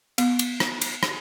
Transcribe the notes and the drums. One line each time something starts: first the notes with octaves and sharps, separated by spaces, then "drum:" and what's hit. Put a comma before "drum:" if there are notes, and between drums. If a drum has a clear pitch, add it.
B3, drum: cymbal
drum: cymbal
drum: rim click
drum: cymbal
drum: rim click